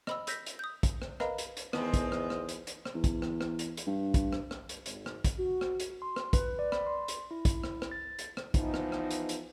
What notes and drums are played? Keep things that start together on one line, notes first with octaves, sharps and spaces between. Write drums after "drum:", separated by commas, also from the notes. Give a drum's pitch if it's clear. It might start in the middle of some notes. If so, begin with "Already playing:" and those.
D#5 B5 E6, drum: rim click
E6 G6 A#6 B6, drum: hi-hat
drum: hi-hat
D#6 G6
drum: kick, hi-hat
drum: rim click
A#4 B4 D#5 F5 A#5 B5, drum: rim click
drum: hi-hat
drum: hi-hat
E2 D#3 G#3 B3 C4 D#5 A5, drum: rim click
drum: kick, hi-hat
drum: rim click
drum: rim click
drum: hi-hat
drum: hi-hat
drum: rim click
E2
drum: kick, hi-hat
drum: rim click
drum: rim click
drum: hi-hat
drum: hi-hat
G2
drum: kick, hi-hat
drum: rim click
drum: rim click
drum: hi-hat
G#1, drum: hi-hat
drum: rim click
drum: kick, hi-hat
F#4
drum: rim click
drum: hi-hat
C6
drum: rim click
B4, drum: kick, hi-hat
D5
B5, drum: rim click
C6
drum: hi-hat
E4
drum: kick, hi-hat
drum: rim click
drum: rim click
A6
drum: hi-hat
drum: rim click
E3 F3 B3 D#4, drum: kick, hi-hat
drum: rim click
drum: rim click
drum: hi-hat
drum: hi-hat